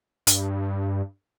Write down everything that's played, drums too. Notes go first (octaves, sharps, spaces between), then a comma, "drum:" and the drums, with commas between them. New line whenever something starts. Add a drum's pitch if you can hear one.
G2, drum: hi-hat